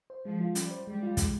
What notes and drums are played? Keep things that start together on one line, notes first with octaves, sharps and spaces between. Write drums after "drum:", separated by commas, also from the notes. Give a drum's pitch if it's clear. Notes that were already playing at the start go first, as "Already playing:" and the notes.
C5
F3 G#3
F4
G3 C#4, drum: hi-hat
C5
G3 G#3
F4
G#3, drum: kick, hi-hat